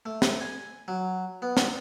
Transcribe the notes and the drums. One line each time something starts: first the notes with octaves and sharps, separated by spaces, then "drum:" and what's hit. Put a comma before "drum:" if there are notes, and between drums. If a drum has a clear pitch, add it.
A3
drum: snare
G#5
F#3
B3
drum: snare